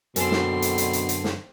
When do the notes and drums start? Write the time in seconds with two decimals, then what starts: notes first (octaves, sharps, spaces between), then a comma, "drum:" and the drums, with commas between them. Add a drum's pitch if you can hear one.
0.16 F#2 B2 D3 C4 A4 A#4 C6, drum: hi-hat
0.31 drum: snare
0.62 drum: hi-hat
0.78 drum: hi-hat
0.93 drum: hi-hat
1.09 drum: hi-hat
1.24 drum: snare